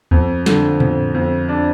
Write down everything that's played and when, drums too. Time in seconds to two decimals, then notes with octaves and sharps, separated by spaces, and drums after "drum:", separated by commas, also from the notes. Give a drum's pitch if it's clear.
0.11 F2, drum: kick D2
0.46 D3, drum: snare
0.80 F2, drum: tom A2
1.14 F2
1.49 D4